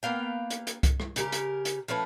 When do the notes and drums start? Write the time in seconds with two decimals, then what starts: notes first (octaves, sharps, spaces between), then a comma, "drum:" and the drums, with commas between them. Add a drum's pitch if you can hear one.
0.03 A#3 B3 F5 G5
0.50 drum: hi-hat
0.67 drum: hi-hat
0.83 drum: kick C2, hi-hat
1.00 drum: rim click
1.16 C#3 G4 A#4, drum: hi-hat
1.32 drum: hi-hat
1.65 drum: hi-hat
1.88 F3 A3 C#4 B4